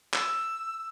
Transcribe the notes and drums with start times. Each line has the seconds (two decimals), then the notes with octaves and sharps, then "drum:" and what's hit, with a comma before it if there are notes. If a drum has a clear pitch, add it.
0.14 E6, drum: clap